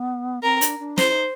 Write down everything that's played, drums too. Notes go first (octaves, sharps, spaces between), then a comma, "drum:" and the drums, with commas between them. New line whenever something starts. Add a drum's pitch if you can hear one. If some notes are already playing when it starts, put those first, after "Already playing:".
Already playing: B3
C4 A#4
D4, drum: hi-hat
D4
E4 C5, drum: snare
D#4